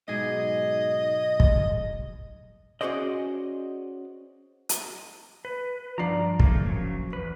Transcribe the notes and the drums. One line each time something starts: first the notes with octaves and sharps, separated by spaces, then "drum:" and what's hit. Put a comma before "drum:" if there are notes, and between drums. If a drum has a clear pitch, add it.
B1 G#2 G#4 D#5
drum: kick
C#4 F#4 G#4 C5 D5 D#5
drum: hi-hat
B4
G2 F3 D4 D5 A#5 C7
A3 A#3, drum: kick
C#3 F#3
E2 B4